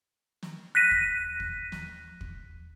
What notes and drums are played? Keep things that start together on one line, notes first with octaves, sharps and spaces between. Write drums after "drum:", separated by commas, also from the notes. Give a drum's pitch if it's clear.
drum: snare
F#6 A#6 B6 D#7
drum: kick
drum: kick
drum: snare
drum: kick